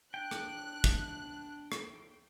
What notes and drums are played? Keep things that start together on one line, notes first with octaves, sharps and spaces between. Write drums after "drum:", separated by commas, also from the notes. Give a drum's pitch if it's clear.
D4 G5 F#6
drum: rim click
drum: kick
drum: rim click